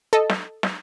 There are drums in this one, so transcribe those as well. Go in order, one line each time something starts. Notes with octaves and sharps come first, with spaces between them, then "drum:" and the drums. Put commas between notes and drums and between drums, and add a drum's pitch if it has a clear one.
A4 D#5
drum: snare
drum: snare